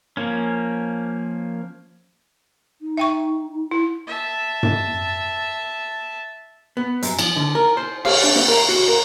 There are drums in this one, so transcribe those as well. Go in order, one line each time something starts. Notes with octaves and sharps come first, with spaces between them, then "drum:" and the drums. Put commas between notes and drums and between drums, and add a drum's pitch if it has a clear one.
F3 A#3 C#4
D#4
E5 G5 C#6
E4
E5 A5
drum: tom F#2
B3
F#2, drum: hi-hat
F3, drum: cymbal
D3
A#4
C5
F5, drum: cymbal
D4
drum: snare
A#4
F#4
A#4